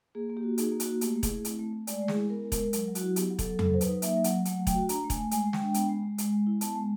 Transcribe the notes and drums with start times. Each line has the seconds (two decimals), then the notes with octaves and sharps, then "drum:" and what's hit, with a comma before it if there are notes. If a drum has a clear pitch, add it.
0.15 A#3 G#4
0.30 A#3
0.37 G4
0.43 F#4
0.58 D#4 G#4, drum: hi-hat
0.72 A#3
0.80 F#4, drum: hi-hat
0.86 A#3
1.01 A3 G4, drum: hi-hat
1.16 A3
1.23 G#4, drum: kick E1, hi-hat
1.30 E4
1.45 C4, drum: hi-hat
1.59 A3
1.73 A3
1.87 G#3 D5, drum: hi-hat
2.02 G#3
2.08 G#4, drum: snare
2.15 E4
2.30 B3 A#4
2.44 G#3
2.52 A#4, drum: kick E1, hi-hat
2.60 G#3
2.73 F#3 A#4, drum: hi-hat
2.88 F#3
2.95 F#4, drum: hi-hat
3.02 E4
3.16 B3 G4, drum: hi-hat
3.30 F#3
3.39 A4, drum: kick E1, hi-hat
3.45 F#3
3.59 F#3 A4, drum: tom F2
3.73 F#3 C5
3.81 B4, drum: hi-hat
3.88 D#4
4.02 A#3 E5, drum: hi-hat
4.17 F#3
4.24 F#5, drum: hi-hat
4.31 F#3
4.45 A3 F#5, drum: hi-hat
4.60 A3
4.67 G5, drum: kick E1, hi-hat
4.74 F#4
4.89 D4 A#5, drum: hi-hat
5.04 A3
5.10 G#5, drum: kick E1, hi-hat
5.17 A3
5.31 G#3 G#5, drum: hi-hat
5.47 G#3
5.53 G5, drum: snare
5.61 D4
5.74 B3, drum: hi-hat
5.89 G#3
6.03 G#3
6.18 G#3, drum: hi-hat
6.33 G#3
6.47 E4
6.61 B3 A5, drum: hi-hat
6.76 G#3